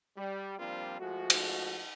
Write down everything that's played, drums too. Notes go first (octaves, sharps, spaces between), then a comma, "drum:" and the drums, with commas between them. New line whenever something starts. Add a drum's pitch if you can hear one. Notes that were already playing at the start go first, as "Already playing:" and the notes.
G3
F3 G3 A#3 C4 D4 F4
F3 G#3 A3 F#4
drum: cymbal